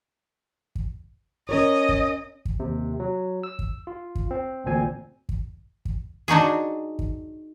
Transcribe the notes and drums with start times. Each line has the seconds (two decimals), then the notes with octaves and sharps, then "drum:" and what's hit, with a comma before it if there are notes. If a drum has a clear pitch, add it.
0.75 drum: kick
1.49 C#4 A#4 C#5 D#5
1.89 drum: kick
2.45 drum: kick
2.60 D#2 C3
3.00 F#3
3.43 E6
3.59 drum: kick
3.87 F4
4.15 drum: kick
4.31 C4
4.64 A1 D2 A#2 C4 G#5
5.29 drum: kick
5.85 drum: kick
6.28 D4 D#4 F#4 G#4
6.99 drum: kick